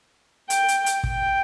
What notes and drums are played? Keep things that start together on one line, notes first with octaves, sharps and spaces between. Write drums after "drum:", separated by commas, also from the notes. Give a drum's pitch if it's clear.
G5, drum: hi-hat
drum: hi-hat
drum: hi-hat
G5, drum: kick